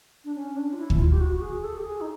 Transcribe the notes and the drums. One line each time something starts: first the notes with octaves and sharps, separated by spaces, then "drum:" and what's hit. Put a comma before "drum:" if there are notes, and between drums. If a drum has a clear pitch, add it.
D4
C#4
D4
F4
E4
drum: kick
F4
G4
F#4
G#4
A4
G4
G#4
D#4